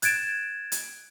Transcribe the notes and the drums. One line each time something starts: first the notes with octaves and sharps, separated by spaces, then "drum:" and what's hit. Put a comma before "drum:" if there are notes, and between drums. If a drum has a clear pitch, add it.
F#6 G#6 A6 D7 E7, drum: hi-hat
drum: hi-hat